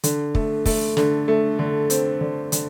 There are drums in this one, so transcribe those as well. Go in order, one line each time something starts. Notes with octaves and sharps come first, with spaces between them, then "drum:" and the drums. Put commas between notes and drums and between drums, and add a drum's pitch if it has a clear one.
D3, drum: hi-hat
A3, drum: kick
A3, drum: kick, open hi-hat
D3, drum: snare
A3
D3
C4, drum: hi-hat
D3
D3, drum: hi-hat